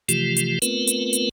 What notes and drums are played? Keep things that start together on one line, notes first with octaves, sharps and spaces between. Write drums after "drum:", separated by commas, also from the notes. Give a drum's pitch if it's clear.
C3 E3 F3 A3 F4 G4, drum: hi-hat
drum: hi-hat
A3 B3 C4 F4 A#4 B4, drum: hi-hat
drum: hi-hat
drum: hi-hat